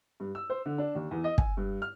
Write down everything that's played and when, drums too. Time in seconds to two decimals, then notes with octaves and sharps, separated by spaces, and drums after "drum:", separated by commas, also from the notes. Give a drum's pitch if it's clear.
0.20 G2
0.35 E6
0.50 C5
0.66 D3
0.78 D4
0.95 D#2
1.11 E2
1.24 D#5
1.38 G#5, drum: kick
1.57 G2
1.82 F6